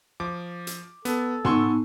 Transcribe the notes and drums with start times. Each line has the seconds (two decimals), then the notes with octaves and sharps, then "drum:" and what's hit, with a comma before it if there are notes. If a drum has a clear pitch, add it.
0.20 F3 D6
0.67 drum: hi-hat
1.05 B3 A4, drum: hi-hat
1.45 B3 D#4 F#5 G#5 C6 C#6 E6, drum: tom